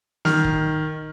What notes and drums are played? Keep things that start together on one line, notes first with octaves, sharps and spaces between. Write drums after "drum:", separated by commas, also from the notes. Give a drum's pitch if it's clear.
D#3 F6, drum: snare
drum: kick